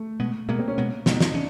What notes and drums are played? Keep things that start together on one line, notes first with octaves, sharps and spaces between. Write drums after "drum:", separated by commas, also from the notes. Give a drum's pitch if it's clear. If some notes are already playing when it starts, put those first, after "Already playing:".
Already playing: A3
B2 G#3 B3
B2 G#3 A#3 B3
C4
C#4
B2 G#3 B3
B2 G#3 B3 D#4, drum: snare
D#4, drum: snare
C#4 D4